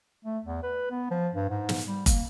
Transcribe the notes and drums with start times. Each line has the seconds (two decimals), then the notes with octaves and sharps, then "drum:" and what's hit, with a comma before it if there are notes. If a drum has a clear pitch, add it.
0.25 A3
0.44 E2
0.63 B4
0.90 B3
1.10 F3
1.34 G2
1.49 G#2
1.69 drum: snare
1.87 G3
2.06 A#3, drum: kick F#1, hi-hat